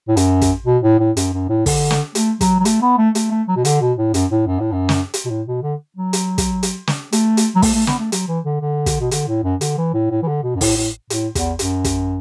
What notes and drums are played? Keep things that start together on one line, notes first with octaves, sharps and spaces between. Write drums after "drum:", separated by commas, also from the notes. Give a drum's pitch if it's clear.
A2
F#2, drum: hi-hat
drum: kick, hi-hat
B2
A2
A2
F#2, drum: hi-hat
F#2
A2
D3, drum: kick, open hi-hat
drum: snare
A3, drum: hi-hat
F#3, drum: kick, hi-hat
F#3
A3, drum: hi-hat
B3
A3
A3, drum: hi-hat
A3
F#3
B2
D3, drum: hi-hat
B2
A2
F#2, drum: hi-hat
A2
F#2
A2
F#2
drum: snare
drum: hi-hat
B2
A2
B2
D3
F#3
drum: hi-hat
drum: kick, hi-hat
drum: hi-hat
drum: snare
A3, drum: hi-hat
drum: hi-hat
F#3
A3, drum: kick, open hi-hat
A3
B3, drum: snare
A3
F#3, drum: hi-hat
E3
D3
D3
drum: kick, hi-hat
B2
D3, drum: hi-hat
A2
F#2
D3, drum: hi-hat
E3
A2
A2
E3
D3
B2
F#2
A2, drum: kick, open hi-hat
A2
A2, drum: hi-hat
E2, drum: kick, hi-hat
F#2, drum: hi-hat
drum: kick, hi-hat